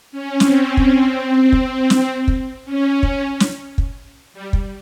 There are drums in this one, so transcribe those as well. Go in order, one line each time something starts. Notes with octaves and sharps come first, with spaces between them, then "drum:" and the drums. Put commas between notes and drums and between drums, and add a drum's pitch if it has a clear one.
C#4
C4, drum: snare
drum: kick
drum: kick
drum: snare
drum: kick
C#4
drum: kick
drum: snare
drum: kick
G3
drum: kick